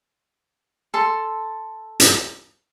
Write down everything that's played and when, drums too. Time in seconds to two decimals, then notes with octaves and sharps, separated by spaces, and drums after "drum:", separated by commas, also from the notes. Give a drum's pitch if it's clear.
0.94 A4 C6
2.00 drum: hi-hat